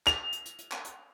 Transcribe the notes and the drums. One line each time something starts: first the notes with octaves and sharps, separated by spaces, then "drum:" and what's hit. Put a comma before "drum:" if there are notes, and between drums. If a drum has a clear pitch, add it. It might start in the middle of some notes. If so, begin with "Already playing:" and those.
F7, drum: clap
drum: hi-hat
drum: hi-hat
drum: hi-hat
drum: clap
drum: hi-hat